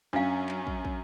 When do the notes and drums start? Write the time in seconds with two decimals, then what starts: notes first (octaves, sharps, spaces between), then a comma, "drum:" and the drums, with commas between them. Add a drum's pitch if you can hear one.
0.13 F#2 F#3 C#4 D4 F5
0.49 drum: clap
0.67 drum: kick
0.85 drum: kick